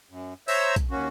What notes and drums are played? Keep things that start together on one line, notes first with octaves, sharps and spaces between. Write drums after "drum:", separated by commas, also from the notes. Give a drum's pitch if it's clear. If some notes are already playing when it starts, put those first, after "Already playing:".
F#2
C5 C#5 E5 A#5 E6, drum: open hi-hat
drum: kick, hi-hat
D#2 A#3 C#4 F#4